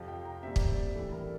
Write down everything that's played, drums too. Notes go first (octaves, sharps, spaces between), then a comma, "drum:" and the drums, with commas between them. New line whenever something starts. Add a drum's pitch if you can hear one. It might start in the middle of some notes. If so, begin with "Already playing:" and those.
Already playing: F2 C3 F3 F5
G5
A#5
A#2 G3 C4 E5
drum: kick
D5
A2 E3 G3 D4 A4
A#4